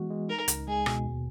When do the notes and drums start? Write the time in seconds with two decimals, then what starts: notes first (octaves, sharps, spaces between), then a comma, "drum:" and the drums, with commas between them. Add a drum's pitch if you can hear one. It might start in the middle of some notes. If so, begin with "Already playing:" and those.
Already playing: E3 G#3 B3 F#4
0.10 G#3
0.29 D#4 A#4
0.48 C#2, drum: hi-hat
0.68 G#3 G#4
0.86 B2, drum: rim click
1.05 D#2